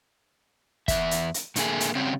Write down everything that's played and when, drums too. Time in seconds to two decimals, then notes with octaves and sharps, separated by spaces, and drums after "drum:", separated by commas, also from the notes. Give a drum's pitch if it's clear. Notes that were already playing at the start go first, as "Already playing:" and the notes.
0.88 E2 E5, drum: kick, hi-hat
1.11 drum: hi-hat
1.34 drum: hi-hat
1.56 A2 D3 A3 A#3 G#4, drum: hi-hat
1.80 drum: hi-hat
1.95 C#3 G3 C4 C#4 F#4